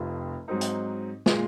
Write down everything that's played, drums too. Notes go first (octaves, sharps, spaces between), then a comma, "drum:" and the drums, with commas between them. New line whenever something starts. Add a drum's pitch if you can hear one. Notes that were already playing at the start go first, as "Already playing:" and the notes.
Already playing: F1 F2 C3 F3
G#2 F#3 C4 D#4
drum: hi-hat
A#2 G#3, drum: snare